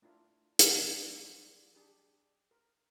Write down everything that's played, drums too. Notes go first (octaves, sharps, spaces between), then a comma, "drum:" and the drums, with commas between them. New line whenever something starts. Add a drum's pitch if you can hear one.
A3 D4 E4 F4 A#4
drum: hi-hat
F#3 G3 A#3 C4 E4 G4
G#4 C5
D4 G4 G#4
A#4